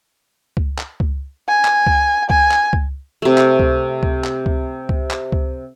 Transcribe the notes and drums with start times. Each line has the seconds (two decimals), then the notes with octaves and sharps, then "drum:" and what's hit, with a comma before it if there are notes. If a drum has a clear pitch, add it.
0.57 drum: kick C#2
0.78 drum: clap
1.00 drum: kick C#2
1.49 G#5
1.65 drum: clap
1.87 drum: kick C#2
2.30 G#5, drum: kick C#2
2.51 drum: clap
2.73 drum: kick C#2
3.22 C3 A3
3.38 drum: clap
3.59 drum: kick C#2
4.03 drum: kick C#2
4.24 drum: clap
4.46 drum: kick C#2
4.89 drum: kick C#2
5.11 drum: clap
5.32 drum: kick C#2